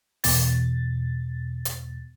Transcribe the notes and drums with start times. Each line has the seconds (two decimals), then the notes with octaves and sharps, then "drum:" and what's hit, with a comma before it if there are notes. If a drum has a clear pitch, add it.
0.24 E2 B2 A6, drum: open hi-hat
1.65 drum: hi-hat